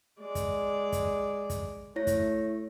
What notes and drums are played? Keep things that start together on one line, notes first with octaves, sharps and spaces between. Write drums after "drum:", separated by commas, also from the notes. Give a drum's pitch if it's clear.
G#3 D5
drum: kick, hi-hat
drum: kick, hi-hat
drum: kick, hi-hat
A3 E4 C#5 A#6
drum: kick, hi-hat